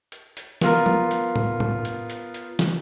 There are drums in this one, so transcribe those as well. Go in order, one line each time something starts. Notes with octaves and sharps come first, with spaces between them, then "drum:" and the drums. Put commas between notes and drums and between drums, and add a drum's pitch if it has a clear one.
drum: hi-hat
drum: hi-hat
B3 F4 A#4, drum: snare
drum: tom
drum: hi-hat
drum: tom
drum: tom
drum: hi-hat
drum: hi-hat
drum: hi-hat
drum: snare